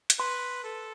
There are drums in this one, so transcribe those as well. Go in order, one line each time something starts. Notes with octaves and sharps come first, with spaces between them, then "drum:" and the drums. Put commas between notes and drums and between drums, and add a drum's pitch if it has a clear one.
drum: hi-hat
B4 C6
A4